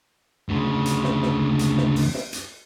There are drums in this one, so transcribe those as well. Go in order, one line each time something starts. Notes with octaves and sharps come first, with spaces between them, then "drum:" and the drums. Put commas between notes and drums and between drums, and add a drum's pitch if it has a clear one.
D2 C#3
drum: hi-hat
drum: snare
drum: snare
drum: hi-hat
drum: snare
drum: open hi-hat
drum: snare
drum: hi-hat